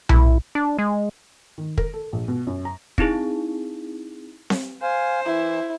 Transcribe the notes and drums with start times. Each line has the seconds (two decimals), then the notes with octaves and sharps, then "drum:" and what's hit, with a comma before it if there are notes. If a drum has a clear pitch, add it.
0.09 E4, drum: tom B1
0.55 D4
0.79 G#3
1.58 D#3
1.78 A#4, drum: kick
1.94 A4
2.13 A#1
2.28 B2
2.47 F#2
2.65 A#5
2.98 C4 D#4 E4 G#4, drum: kick
4.50 drum: snare C4
4.82 C5 F5 G#5
5.26 E3 E4